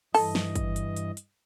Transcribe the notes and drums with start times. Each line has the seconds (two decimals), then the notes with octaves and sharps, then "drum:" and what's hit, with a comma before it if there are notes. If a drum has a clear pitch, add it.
0.14 G2 E3 A4 D#5, drum: open hi-hat
0.35 drum: snare
0.56 drum: kick, hi-hat
0.76 drum: hi-hat
0.97 drum: hi-hat
1.17 drum: hi-hat